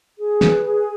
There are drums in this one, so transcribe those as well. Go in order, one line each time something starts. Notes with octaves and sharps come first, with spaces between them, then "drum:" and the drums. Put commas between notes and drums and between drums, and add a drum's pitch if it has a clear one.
G#4
B4, drum: snare
G#4